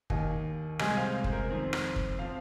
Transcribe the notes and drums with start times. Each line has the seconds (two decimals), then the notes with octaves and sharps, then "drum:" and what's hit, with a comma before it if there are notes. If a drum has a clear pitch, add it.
0.10 D#2 D#3 A#3 D#5 G#5, drum: kick
0.79 C2 C3 G#3 D#5 G#5, drum: rim click
0.97 C5 F5
1.24 C5, drum: kick
1.32 A#4
1.50 F2 D#3 C4
1.73 drum: rim click
1.96 drum: kick
2.19 F3 C4 C5 F5